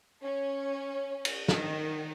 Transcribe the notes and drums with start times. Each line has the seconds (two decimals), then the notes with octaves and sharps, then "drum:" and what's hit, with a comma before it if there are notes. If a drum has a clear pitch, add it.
0.24 C#4
1.25 drum: cymbal
1.48 D#3, drum: snare